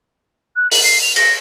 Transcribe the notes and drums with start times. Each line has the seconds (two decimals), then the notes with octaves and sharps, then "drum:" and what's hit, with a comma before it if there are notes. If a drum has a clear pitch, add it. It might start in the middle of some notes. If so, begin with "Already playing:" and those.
0.56 F#6
0.71 F#7, drum: open hi-hat
0.84 C7
1.02 F7
1.16 A#6, drum: cymbal